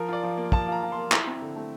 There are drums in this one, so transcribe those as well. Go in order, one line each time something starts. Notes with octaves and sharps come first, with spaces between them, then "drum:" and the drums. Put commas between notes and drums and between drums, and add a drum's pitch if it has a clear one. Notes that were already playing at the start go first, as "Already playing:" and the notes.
Already playing: F3 A#4
F4 D5
F3
A#3
F3 A5, drum: kick
F4 A#5
F3
C6
A#3
E4 A#5, drum: clap
C4
D3
A3